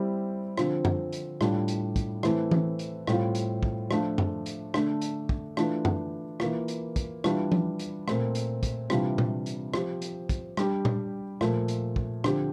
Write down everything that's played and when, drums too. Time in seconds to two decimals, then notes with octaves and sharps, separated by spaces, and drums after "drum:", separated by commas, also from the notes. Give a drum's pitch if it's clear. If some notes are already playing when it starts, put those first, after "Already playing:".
Already playing: G3 C4 E4 G4
0.58 D3 F3 C4 F4, drum: rim click
0.85 drum: tom F#2
1.12 drum: hi-hat
1.41 A2 G3 D4 F4, drum: rim click
1.68 drum: hi-hat
1.96 drum: kick, hi-hat
2.23 E3 A3 C4 E4, drum: rim click
2.51 drum: tom E3
2.79 drum: hi-hat
3.07 A2 G3 C4 F4, drum: rim click
3.35 drum: hi-hat
3.63 drum: kick
3.91 F3 A3 D4 F4, drum: rim click
4.18 drum: tom F#2
4.46 drum: hi-hat
4.74 D3 A3 D4, drum: rim click
5.01 drum: hi-hat
5.29 drum: kick
5.57 E3 A3 D4 F4, drum: rim click
5.85 drum: tom F#2
6.40 E3 A#3 F4, drum: rim click
6.68 drum: hi-hat
6.96 drum: kick, hi-hat
7.24 E3 G3 D4 F4, drum: rim click
7.52 drum: tom F3
7.79 drum: hi-hat
8.08 A#2 A3 C4, drum: rim click
8.35 drum: hi-hat
8.63 drum: kick, hi-hat
8.90 C3 E3 G3 D4 F4, drum: rim click
9.18 drum: tom A#2
9.46 drum: hi-hat
9.74 F3 C4 G4, drum: rim click
10.02 drum: hi-hat
10.29 drum: kick, hi-hat
10.57 G3 D4 G4, drum: rim click
10.85 drum: tom A#2
11.41 A#2 F3 A3, drum: rim click
11.68 drum: hi-hat
11.96 drum: kick
12.24 D3 F3 C4 G4, drum: rim click